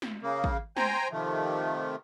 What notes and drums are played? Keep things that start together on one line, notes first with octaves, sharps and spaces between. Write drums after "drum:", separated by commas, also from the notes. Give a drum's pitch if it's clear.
drum: snare
C#3 A#3
drum: kick
C5 G5 G#5 A#5, drum: snare
C3 D#3 F3 A3